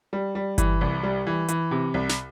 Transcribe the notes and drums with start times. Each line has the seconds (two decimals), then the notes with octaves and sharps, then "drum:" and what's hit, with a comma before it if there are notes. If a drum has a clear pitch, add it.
0.13 G3
0.35 G3
0.58 E3, drum: kick G1, hi-hat
0.81 C2
1.03 G3
1.27 E3
1.48 E3, drum: hi-hat
1.71 C3
1.94 C2
2.09 drum: snare